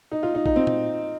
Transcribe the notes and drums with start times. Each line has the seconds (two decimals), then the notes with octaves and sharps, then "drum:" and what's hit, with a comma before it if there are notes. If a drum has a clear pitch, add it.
0.12 D#4
0.23 F4
0.35 D#4
0.46 D#4, drum: kick A#1
0.56 C4
0.67 drum: tom A#2